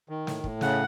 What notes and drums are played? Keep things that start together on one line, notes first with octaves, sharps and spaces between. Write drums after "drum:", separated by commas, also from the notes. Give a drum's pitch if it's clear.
D#3
A2, drum: snare
A2, drum: kick
C#3 F#5, drum: snare